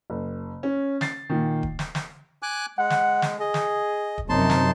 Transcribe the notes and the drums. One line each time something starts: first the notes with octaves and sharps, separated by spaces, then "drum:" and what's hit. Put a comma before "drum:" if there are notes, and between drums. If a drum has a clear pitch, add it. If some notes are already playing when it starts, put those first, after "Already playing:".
F#1
C#4
A6 C7, drum: snare
A#2 D#3
drum: kick D#1
drum: snare
drum: snare
G#5 D6 F#6
G#3 F#5
drum: snare
drum: snare
G#4 D#5
drum: snare
drum: kick D#1
F#2 C3 D#4 A5 C6
drum: snare